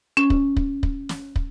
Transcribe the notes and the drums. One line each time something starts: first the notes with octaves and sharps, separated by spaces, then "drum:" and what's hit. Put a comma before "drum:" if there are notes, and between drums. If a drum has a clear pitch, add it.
C#4
drum: kick
drum: kick
drum: kick
drum: snare
drum: kick